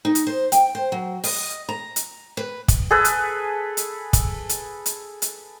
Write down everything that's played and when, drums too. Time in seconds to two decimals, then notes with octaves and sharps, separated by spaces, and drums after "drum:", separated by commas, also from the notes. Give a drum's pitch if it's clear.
0.05 D#4
0.15 drum: hi-hat
0.27 C5
0.52 G5, drum: hi-hat
0.75 C5
0.92 F#3
1.24 D#5, drum: open hi-hat
1.69 A#5
1.96 drum: hi-hat
2.37 B4
2.68 drum: kick, hi-hat
2.91 G#4 A4 B4
3.05 drum: hi-hat
3.77 drum: hi-hat
4.13 drum: kick, hi-hat
4.49 drum: hi-hat
4.86 drum: hi-hat
5.22 drum: hi-hat